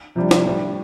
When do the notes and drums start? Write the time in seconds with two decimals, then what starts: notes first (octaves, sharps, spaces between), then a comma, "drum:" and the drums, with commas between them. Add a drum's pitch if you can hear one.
0.16 C3 F3 G3 D4
0.31 drum: snare
0.46 A2 G3 D4